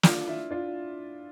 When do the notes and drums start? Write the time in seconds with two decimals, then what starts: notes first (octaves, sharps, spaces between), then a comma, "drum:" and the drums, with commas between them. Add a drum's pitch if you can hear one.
0.03 D4 F4 D5, drum: snare
0.27 E4 E5
0.50 D4 F4 D5